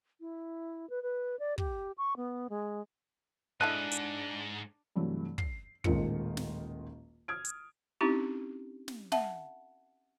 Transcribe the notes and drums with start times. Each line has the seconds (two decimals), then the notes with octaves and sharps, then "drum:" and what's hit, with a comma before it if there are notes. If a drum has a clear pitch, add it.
0.20 E4
0.90 B4
1.03 B4
1.39 D5
1.58 G4, drum: kick
1.98 C#6
2.17 B3
2.50 G#3
3.61 G#2 D4 E4 A4 D#5 F#6 D#7
3.91 drum: hi-hat
4.96 G2 C3 E3 F#3 A3
5.38 C7, drum: kick
5.84 D#1 A1 D#3 G#3 F4 C#7, drum: kick
6.37 drum: snare
7.28 D#6 F6 G#6 D7
7.45 drum: hi-hat
8.01 C4 C#4 D#4 E4 G4
8.88 drum: snare
9.12 E5 F#5 A5, drum: snare